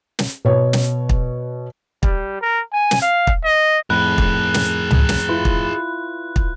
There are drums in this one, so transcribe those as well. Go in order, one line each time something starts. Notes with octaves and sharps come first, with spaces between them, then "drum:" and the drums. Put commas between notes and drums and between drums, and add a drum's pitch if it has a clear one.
drum: snare
B2 C#5
drum: snare
drum: kick
G3, drum: kick
A#4
G#5
drum: snare
F5
drum: kick
D#5
F2 A2 G#4 A#4 B5 F#6
drum: kick
drum: snare
drum: tom C#2
drum: snare
E4 F4 B4
drum: kick
drum: kick